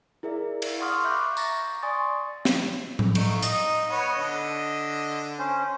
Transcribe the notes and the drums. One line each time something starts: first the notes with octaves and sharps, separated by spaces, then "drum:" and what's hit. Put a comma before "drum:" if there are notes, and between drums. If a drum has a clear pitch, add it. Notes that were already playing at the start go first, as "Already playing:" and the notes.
E4 G#4 A#4 D5 E5
drum: cymbal
F5 F#5 C6 C#6 D#6 F6
E5 B5 C#6 D6 F#6 G6
A#5 C#6 A6 A#6, drum: tambourine
D5 G#5 C6 C#6 D#6 A6
drum: snare
drum: tom A2
A3 D#4 C#6, drum: cymbal
D#4 D#5 D#6, drum: hi-hat
B3 C#5
D3
C#4 C5